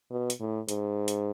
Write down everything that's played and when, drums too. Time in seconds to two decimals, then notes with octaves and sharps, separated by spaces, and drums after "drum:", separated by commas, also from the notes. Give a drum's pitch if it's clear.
0.10 B2
0.30 drum: hi-hat
0.40 A2
0.69 G#2, drum: hi-hat
1.08 drum: hi-hat